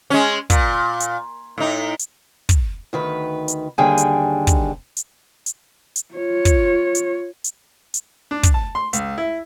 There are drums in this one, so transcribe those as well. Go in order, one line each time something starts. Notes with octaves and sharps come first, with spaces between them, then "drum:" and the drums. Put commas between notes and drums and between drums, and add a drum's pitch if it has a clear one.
G#3 C#4
A#2, drum: kick, hi-hat
drum: hi-hat
A2 D#4
drum: hi-hat
drum: kick, hi-hat
D2 D#3 B4
drum: hi-hat
D#2 D3 G3 G#4 G5 G#5
drum: hi-hat
drum: kick, hi-hat
drum: hi-hat
drum: hi-hat
drum: hi-hat
F4 C#5
drum: kick, hi-hat
drum: hi-hat
drum: hi-hat
drum: hi-hat
D4
drum: kick, hi-hat
A5
C6
C#2, drum: hi-hat
E4